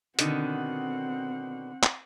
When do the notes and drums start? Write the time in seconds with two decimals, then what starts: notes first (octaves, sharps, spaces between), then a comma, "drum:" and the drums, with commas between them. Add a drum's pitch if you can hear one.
0.19 B2 D3 D#3 C4 F#5, drum: hi-hat
1.83 drum: clap